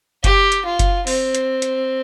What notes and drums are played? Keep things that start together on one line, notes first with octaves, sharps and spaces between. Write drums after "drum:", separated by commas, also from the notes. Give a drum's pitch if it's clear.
G4, drum: kick F#1, hi-hat
drum: hi-hat
F4
drum: kick F#1, hi-hat
C4, drum: open hi-hat
drum: hi-hat
drum: hi-hat